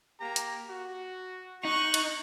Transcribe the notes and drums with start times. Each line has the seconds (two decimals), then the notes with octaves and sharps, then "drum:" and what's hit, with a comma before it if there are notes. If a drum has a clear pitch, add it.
0.20 A#3 G4 A#5
0.36 drum: hi-hat
0.70 F#4
1.65 D#4 C#6 F#6
1.94 drum: cymbal